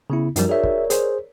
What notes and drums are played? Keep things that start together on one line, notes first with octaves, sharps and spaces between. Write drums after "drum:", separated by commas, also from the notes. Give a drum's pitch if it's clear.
C#3 B3 E4
F#2 F3 G3 D#4 F#4 A#4, drum: hi-hat
G#4 A#4 C#5 D5 E5
drum: kick
G#4 C5, drum: hi-hat